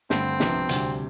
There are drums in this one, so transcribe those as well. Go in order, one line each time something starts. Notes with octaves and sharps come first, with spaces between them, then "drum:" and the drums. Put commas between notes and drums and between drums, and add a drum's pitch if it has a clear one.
G2 D3 A3 C4, drum: snare
C2 C3 F3 B3 D4, drum: snare
D2 C3 G3 D4, drum: hi-hat